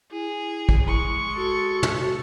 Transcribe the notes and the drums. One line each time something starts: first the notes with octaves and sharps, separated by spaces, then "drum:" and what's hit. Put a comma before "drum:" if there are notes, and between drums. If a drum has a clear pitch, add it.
E4 G#4
drum: kick
G#3 C#6
F#4 A4
drum: tom